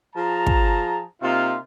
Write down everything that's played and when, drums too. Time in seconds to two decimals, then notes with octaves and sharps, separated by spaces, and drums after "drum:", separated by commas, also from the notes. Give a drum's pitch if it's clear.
0.15 F3 G#4 A5 A#5
0.47 drum: kick
1.22 C3 A#3 D#4 F4